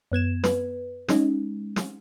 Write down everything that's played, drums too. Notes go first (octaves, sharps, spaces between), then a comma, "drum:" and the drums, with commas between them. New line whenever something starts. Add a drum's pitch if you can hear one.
F#2 B3 G#6 E7
B4, drum: snare
G#3 C#4 D#4, drum: snare
drum: snare